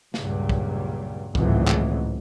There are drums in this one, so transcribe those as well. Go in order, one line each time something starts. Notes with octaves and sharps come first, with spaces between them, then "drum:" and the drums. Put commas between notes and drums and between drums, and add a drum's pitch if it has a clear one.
C#2 G2 A#2 F#3 G3, drum: snare
drum: kick
G#1 C#2 A2 E3 F#3, drum: kick
drum: clap